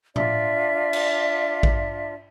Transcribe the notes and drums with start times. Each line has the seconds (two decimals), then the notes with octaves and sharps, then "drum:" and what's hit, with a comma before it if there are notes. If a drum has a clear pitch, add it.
0.16 D4 F4 D5 E5, drum: tom A2
0.93 drum: cymbal
1.63 drum: kick A1